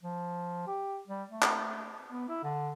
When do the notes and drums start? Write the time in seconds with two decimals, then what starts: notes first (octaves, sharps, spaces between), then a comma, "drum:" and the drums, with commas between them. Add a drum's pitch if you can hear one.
0.03 F3
0.67 G4
1.08 G3
1.30 A3
1.43 drum: clap
2.10 B3
2.29 E4
2.43 D3